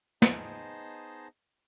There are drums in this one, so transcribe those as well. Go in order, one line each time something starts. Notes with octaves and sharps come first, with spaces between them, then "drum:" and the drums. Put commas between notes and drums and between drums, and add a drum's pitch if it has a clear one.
B3 D#4 G#4 C5 D#5 A5, drum: snare